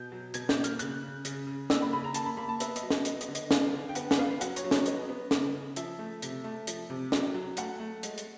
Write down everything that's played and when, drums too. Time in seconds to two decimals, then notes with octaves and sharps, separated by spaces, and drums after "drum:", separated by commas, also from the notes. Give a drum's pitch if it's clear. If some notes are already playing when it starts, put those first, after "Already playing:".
Already playing: B2 G6
0.12 F#3
0.34 B2 G#6, drum: hi-hat
0.49 G6, drum: snare
0.57 A#3
0.64 F6, drum: hi-hat
0.79 C#3 F#6, drum: hi-hat
1.03 C#3
1.25 C#3, drum: hi-hat
1.47 C#3
1.70 A#3 E6, drum: snare
1.82 B5
1.93 C#3 B5
2.04 A#5
2.14 A#3 A5, drum: hi-hat
2.26 B5
2.37 A#3 B5
2.49 A5
2.60 B3 E5, drum: hi-hat
2.76 D#5, drum: hi-hat
2.83 F#3
2.90 D#5, drum: snare
3.05 B3 D#5, drum: hi-hat
3.21 D#5, drum: hi-hat
3.28 D3
3.35 D#5, drum: hi-hat
3.51 B3 F5, drum: snare
3.74 D3
3.89 G5
3.95 B3 F#5, drum: hi-hat
4.11 F#5, drum: snare
4.18 B3 F5
4.41 F#3 F#5, drum: hi-hat
4.56 C#5, drum: hi-hat
4.64 F#3
4.71 C#5, drum: snare
4.86 B3 D#5, drum: hi-hat
5.09 B3
5.31 C#3, drum: snare
5.55 C#3
5.76 F3 E5, drum: hi-hat
5.99 A3
6.22 C3, drum: hi-hat
6.44 A3
6.67 F3, drum: hi-hat
6.90 C3
7.12 F#3, drum: snare
7.34 F#3
7.57 A3 F#5, drum: hi-hat
7.80 A3
8.03 G#3, drum: hi-hat
8.18 drum: hi-hat